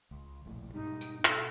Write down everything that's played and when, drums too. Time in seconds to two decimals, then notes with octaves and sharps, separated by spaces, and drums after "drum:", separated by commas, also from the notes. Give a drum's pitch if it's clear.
0.11 C#2
0.45 E1 A#1 A2
0.74 G#2 B2 G3 D#4
1.01 drum: tambourine
1.25 B2 A4, drum: clap